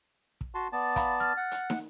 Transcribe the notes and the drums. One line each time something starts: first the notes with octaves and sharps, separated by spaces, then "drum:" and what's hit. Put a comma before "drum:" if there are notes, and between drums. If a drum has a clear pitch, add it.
drum: kick
F#4 A5 C6
B3 D5 A5
F5 A#5 B5, drum: kick, hi-hat
F6 A6
F#5
drum: hi-hat
drum: snare